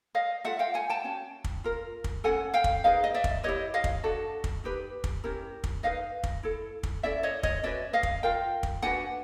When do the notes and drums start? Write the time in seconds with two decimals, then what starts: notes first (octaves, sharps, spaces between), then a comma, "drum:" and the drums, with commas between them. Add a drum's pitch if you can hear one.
0.15 D#5 F5
0.45 F4 A4 E5 F#5
0.59 F5 G5
0.74 F#5 G#5
0.90 G5 A5
1.04 C#4 F#4
1.44 drum: kick
1.64 F4 A#4
2.04 drum: kick
2.24 C#4 F#4 A4 F#5 G#5
2.54 F5 G5
2.64 drum: kick
2.84 D#4 G#4 B4 D#5 F5
3.04 D#5
3.14 D5 E5
3.24 drum: kick
3.43 E4 G4 B4 C#5 D#5
3.74 D#5 F5
3.84 drum: kick
4.04 D4 F#4 A4
4.44 drum: kick
4.64 D#4 G4 B4
5.04 drum: kick
5.24 C#4 E4 G4 A#4
5.64 drum: kick
5.83 D#4 G#4 B4 D#5 F5
6.23 drum: kick
6.43 E4 A4
6.83 drum: kick
7.03 C#4 E4 A4 D5 E5
7.23 C#5 D#5
7.43 C#5 D#5, drum: kick
7.63 C#4 F#4 B4 D5 E5
7.93 D#5 F5
8.03 drum: kick
8.23 F4 A#4 F5 G5
8.63 drum: kick
8.82 D4 F#4 B4 F#5 G#5